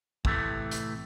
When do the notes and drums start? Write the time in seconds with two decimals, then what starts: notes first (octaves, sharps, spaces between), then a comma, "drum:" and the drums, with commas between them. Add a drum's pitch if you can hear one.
0.25 A2 C3 E3 A3, drum: kick
0.71 drum: hi-hat